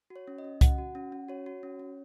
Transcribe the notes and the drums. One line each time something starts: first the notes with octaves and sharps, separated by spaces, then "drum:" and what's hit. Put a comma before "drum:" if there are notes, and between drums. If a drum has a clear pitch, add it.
F#4
C#5
C#4
D#5
C#4
F#4 F#5, drum: kick C2, hi-hat
F#4
C#4
C#4
F#4 C#5
F#4
C#4
C#4